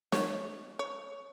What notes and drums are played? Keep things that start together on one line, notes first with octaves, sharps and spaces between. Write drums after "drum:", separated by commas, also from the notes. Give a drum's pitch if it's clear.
C#5, drum: snare
C#5